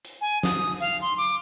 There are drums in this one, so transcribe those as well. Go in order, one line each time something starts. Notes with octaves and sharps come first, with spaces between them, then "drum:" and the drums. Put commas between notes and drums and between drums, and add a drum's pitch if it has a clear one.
drum: hi-hat
G#5
D#6, drum: snare
F5, drum: hi-hat
C6
D6